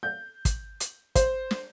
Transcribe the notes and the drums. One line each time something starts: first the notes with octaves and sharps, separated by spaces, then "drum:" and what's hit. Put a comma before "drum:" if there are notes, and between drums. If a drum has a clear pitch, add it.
G6
drum: kick, hi-hat
drum: hi-hat
C5, drum: kick, hi-hat
drum: snare